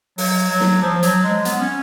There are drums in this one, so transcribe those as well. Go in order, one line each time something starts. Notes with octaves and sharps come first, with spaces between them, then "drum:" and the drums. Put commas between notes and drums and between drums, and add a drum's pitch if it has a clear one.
F#3, drum: open hi-hat
F#3
drum: snare
F3
F#3, drum: hi-hat
G#3
B3, drum: hi-hat
C#4